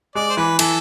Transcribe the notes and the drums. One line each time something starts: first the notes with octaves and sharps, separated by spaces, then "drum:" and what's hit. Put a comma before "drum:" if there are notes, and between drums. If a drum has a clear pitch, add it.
G#3 D5
C5
E3 B4
E3 A4, drum: cymbal